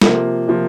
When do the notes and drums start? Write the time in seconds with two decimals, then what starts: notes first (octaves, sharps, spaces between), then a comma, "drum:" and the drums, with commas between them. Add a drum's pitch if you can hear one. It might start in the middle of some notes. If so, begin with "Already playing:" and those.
0.02 C3 F3 A#3, drum: snare
0.48 C3 F3 A#3